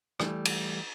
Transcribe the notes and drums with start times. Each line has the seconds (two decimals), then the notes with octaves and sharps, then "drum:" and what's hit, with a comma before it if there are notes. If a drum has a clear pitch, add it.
0.20 E3 G3 A3, drum: rim click
0.45 drum: cymbal